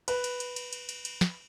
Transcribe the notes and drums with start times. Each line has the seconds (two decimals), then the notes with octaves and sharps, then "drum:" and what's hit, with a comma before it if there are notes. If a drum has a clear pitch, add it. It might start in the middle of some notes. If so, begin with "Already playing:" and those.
0.08 B4, drum: cymbal
0.24 drum: cymbal
0.40 drum: cymbal
0.56 drum: cymbal
0.73 drum: cymbal
0.89 drum: cymbal
1.05 drum: cymbal
1.21 drum: snare